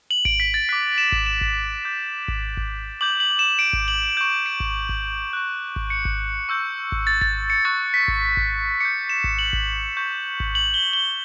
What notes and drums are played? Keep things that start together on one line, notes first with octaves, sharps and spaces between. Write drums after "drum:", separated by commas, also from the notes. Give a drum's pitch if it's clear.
F#7
D7, drum: kick G#1
B6
A6
D6 F#6 B6
E7
drum: kick G#1
E7
drum: kick G#1
D6 G6
drum: kick G#1
drum: kick G#1
D6 G6 F#7
F#7
E7
D7
drum: kick G#1
F#7
C#6 G6
D7
drum: kick G#1
drum: kick G#1
C#6 F#6
drum: kick G#1
C#7
drum: kick G#1
C#6 E6 G6
drum: kick G#1
A6
A6, drum: kick G#1
C#7
C#6 F#6 A6
B6
drum: kick G#1
drum: kick G#1
D6 G6 C#7
E7
drum: kick G#1
F#7
drum: kick G#1
C#6 G6
drum: kick G#1
F#7
G7
G7